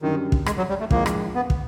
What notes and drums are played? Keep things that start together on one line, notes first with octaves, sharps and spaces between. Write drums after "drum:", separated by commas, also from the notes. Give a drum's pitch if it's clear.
F#2 D3 D#3 G3
drum: kick
G#3, drum: rim click
F#3
G3
A3
A#1 A2 F3 G#3 A#3, drum: kick
drum: rim click
B3
drum: kick